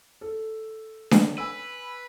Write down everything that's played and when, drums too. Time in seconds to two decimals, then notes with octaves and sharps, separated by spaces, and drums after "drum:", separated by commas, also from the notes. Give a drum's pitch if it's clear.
0.21 A4
1.11 drum: snare D4
1.38 B4 G#5 B5 E6